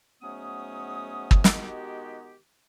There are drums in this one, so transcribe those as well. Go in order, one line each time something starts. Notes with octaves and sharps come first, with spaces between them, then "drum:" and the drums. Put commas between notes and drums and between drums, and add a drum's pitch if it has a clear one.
G#2 F#3 A3 B3 C#4 D#6
drum: kick
D#3 G#3 B3 D#4 F#4 G4, drum: snare